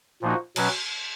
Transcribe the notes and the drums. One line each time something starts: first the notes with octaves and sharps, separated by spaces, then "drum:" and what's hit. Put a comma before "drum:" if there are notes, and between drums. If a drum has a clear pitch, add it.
A#2 F3 A#3 D#4 F#4
B2 F#3 C#4 F#4 B4, drum: cymbal